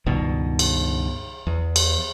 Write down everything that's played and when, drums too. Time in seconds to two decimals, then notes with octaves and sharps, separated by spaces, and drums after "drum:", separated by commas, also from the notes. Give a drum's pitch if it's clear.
0.06 C#2 G2 B2 D#3
0.59 drum: cymbal
1.47 E2
1.76 drum: cymbal